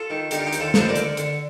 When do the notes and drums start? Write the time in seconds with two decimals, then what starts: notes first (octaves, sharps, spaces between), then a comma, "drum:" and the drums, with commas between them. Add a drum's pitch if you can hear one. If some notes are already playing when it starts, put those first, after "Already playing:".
Already playing: F4 A4
0.10 D#3
0.31 D3 D#4 G4, drum: hi-hat
0.39 F4
0.45 D#4 G4
0.53 D#2, drum: hi-hat
0.60 F4 A4
0.74 D#2 A4 C5, drum: snare
0.89 A#4 D5
0.96 D3, drum: hi-hat
1.17 D3, drum: hi-hat